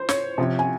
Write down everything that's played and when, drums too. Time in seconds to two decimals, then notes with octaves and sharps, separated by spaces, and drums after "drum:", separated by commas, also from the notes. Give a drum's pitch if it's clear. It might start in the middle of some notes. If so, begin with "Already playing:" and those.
Already playing: C5
0.09 C#5, drum: snare
0.38 C3 F3
0.59 G#5